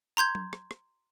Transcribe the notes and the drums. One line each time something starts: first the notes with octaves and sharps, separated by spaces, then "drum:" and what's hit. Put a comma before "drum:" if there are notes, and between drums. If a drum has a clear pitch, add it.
A#5 C6 G6 G#6
drum: tom F#3
drum: rim click
drum: rim click